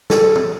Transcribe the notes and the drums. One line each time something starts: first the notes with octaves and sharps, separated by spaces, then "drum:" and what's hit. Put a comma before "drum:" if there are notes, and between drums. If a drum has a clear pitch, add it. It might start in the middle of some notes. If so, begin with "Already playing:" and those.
A4, drum: snare
drum: tom